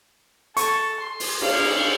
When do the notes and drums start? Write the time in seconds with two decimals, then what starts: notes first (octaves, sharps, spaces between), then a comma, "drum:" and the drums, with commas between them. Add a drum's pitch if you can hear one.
0.57 A4 C#6, drum: hi-hat
1.00 C6
1.20 drum: open hi-hat
1.41 F5, drum: cymbal